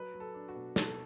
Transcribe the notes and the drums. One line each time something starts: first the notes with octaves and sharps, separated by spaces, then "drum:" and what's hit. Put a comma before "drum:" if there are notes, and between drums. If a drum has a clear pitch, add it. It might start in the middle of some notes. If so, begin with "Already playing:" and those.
Already playing: F#3 B4
F#3
A4
D4
F#4
B2
B2 A4, drum: snare